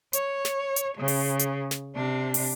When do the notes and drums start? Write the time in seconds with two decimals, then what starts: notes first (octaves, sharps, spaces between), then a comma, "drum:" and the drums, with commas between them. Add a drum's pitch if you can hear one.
0.13 C#5, drum: hi-hat
0.45 drum: snare
0.76 drum: hi-hat
0.97 C#3
1.08 drum: open hi-hat
1.39 drum: hi-hat
1.71 drum: snare
1.95 C3 D4
2.34 drum: open hi-hat